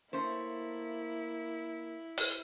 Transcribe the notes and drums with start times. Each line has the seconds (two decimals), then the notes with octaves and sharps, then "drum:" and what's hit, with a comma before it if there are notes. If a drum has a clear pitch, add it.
0.13 A3 A#3 C#4 E4 C5
2.18 drum: open hi-hat